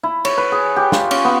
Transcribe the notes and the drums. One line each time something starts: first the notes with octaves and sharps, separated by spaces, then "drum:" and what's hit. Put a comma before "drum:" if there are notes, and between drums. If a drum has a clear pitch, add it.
E4
C#5, drum: cymbal
B4
G#4
G4
F4, drum: snare
C#4, drum: cymbal
B3